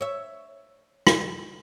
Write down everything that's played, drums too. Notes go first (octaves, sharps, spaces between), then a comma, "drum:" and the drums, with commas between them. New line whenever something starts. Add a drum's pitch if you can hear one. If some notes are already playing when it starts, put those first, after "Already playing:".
C#5 E5
drum: rim click